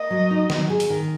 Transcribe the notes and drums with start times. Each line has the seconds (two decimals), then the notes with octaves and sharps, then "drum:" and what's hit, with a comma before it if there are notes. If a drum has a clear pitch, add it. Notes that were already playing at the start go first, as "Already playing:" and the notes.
Already playing: A#3 D#5
0.10 F#3
0.31 D#4
0.50 F#3, drum: snare
0.70 G#4
0.80 drum: hi-hat
0.90 D#3